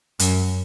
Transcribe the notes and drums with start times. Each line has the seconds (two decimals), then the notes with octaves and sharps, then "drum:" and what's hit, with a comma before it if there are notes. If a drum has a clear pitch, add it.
0.19 F#2, drum: hi-hat